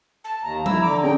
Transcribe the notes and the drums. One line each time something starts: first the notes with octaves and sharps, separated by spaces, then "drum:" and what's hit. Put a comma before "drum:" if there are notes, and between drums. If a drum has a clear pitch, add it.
A5
D#2 A#5
E4 E6, drum: tom F3
D3 D6
C#4 G#4 G5